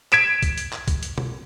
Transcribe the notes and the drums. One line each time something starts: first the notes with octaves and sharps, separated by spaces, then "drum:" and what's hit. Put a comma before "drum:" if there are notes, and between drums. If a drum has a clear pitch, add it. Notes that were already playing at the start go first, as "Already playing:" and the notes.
G#6 B6 D7 E7, drum: clap
drum: kick B1, hi-hat
drum: hi-hat
drum: clap
drum: kick B1, hi-hat
drum: hi-hat
drum: tom B2